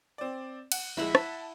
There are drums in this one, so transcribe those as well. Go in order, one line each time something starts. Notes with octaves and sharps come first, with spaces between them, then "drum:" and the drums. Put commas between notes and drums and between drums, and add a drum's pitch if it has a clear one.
C4 D5
F#5, drum: cymbal
A#1 G#3 E4 E5 F#5
A5, drum: rim click